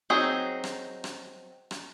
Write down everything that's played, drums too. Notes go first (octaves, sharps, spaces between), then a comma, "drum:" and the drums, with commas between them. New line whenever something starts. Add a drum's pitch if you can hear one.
F#3 C4 D#4 G#4
drum: rim click
drum: rim click
drum: rim click